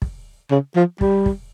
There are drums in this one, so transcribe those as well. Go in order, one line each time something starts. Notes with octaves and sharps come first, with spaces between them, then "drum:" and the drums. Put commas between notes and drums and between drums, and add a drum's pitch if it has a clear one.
drum: kick
C#3
F3
G3, drum: kick
drum: kick